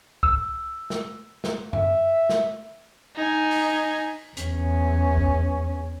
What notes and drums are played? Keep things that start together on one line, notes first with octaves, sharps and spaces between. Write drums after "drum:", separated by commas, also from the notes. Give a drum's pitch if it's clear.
E6, drum: kick C2
drum: snare
drum: snare
E5, drum: tom F#2
drum: snare
D#4 G#5
drum: open hi-hat
E2 C#4, drum: hi-hat
drum: kick C2